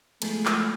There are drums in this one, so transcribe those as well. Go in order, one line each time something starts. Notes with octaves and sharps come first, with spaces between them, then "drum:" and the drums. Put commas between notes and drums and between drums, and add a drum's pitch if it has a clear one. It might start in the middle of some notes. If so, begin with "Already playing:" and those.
F3 G#3 A3 B3 E4 G#4, drum: cymbal
drum: clap